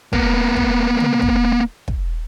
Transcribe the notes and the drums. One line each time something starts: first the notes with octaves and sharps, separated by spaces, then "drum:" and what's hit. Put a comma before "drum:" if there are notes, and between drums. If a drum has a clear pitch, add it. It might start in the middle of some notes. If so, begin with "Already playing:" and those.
A#3 B3, drum: kick
drum: kick
drum: tom
drum: kick
drum: kick